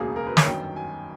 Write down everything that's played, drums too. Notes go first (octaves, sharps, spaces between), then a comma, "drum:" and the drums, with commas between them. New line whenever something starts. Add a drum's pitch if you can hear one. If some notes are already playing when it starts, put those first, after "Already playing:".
Already playing: E1 D2 C#3 F#3 A#3 G#4
A#4
B4
C#5, drum: snare
G1 F#2 D#3 G5
G#5